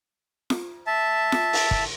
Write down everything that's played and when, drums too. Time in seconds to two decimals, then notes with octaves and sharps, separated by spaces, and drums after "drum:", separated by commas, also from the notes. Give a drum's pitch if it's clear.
0.50 drum: snare F4
0.87 E5 A5
1.32 drum: snare F4
1.53 drum: open hi-hat
1.71 drum: kick